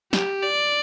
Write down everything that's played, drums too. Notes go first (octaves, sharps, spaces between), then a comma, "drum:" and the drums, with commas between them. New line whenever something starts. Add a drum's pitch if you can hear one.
G4, drum: snare
D5